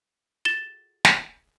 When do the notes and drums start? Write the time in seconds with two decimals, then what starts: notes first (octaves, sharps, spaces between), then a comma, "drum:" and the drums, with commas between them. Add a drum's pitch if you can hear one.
0.45 A6 E7 G7
1.05 drum: snare